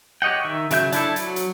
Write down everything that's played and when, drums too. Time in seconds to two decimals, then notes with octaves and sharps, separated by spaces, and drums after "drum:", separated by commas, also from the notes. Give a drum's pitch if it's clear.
0.22 G4 C#5 D#5 F#5 G5
0.45 D#3 E5
0.71 C#3 F#3 E5 G6, drum: hi-hat
0.92 D4 E4 A4, drum: hi-hat
1.16 F#3, drum: hi-hat
1.36 drum: hi-hat